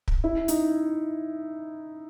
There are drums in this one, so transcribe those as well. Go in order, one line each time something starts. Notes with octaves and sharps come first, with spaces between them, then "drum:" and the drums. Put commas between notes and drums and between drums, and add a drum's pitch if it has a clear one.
drum: kick
E4
D#4, drum: hi-hat